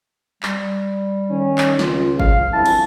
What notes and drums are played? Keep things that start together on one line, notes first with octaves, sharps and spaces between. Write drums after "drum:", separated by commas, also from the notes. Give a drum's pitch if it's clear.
G3, drum: clap
D#3 C#4
drum: clap
C#2 F4, drum: snare
F5, drum: kick G1
G1 F2 E3 A5
drum: cymbal